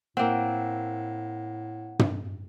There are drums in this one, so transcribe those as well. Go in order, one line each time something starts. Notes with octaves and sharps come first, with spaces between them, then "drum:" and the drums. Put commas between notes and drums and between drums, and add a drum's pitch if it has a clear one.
A2 A#3 C4 F#5
drum: tom